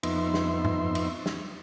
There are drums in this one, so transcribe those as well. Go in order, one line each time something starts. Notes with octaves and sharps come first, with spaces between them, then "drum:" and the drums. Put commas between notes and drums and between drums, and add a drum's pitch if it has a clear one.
F2 B3 D#4 E5 C6, drum: cymbal
drum: snare
drum: tom G2
drum: cymbal
drum: snare